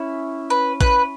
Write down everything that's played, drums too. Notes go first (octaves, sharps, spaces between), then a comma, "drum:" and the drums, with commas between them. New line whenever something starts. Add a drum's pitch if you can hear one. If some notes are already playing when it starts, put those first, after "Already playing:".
Already playing: C#4 E4
B4
B4, drum: kick A1